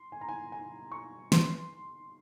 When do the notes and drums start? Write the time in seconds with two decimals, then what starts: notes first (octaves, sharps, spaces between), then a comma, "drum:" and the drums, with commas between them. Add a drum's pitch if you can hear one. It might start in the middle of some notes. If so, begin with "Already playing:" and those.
Already playing: C6
0.12 G#5
0.21 A#5
0.29 G#5
0.52 G#5
0.92 C#6
1.32 C6, drum: snare